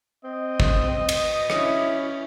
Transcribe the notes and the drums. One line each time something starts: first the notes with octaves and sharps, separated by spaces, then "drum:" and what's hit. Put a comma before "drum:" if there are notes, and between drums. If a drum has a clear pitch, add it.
C4 D#5
drum: kick
drum: cymbal
C#4 E4 C#5, drum: rim click